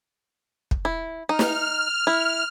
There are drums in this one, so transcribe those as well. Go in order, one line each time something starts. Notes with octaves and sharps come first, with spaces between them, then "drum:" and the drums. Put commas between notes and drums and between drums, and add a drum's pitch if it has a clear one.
drum: kick
E4
D#4 F6
drum: snare
E4